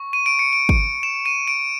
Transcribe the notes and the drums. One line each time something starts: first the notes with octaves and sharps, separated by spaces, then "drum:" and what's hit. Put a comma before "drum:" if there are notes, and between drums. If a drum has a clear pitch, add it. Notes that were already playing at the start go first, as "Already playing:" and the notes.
Already playing: C#6
D#7
D7
C#7
D7
drum: kick
E7
D#7
D7